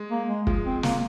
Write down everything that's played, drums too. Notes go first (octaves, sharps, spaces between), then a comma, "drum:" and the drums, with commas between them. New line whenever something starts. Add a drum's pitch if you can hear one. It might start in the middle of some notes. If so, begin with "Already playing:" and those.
Already playing: G#3
A#3
G#3
F3 G#3, drum: kick
C4
A#3, drum: snare